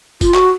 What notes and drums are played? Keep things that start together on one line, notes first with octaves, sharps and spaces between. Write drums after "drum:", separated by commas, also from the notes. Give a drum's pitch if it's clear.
F4, drum: kick, tambourine
F#4, drum: clap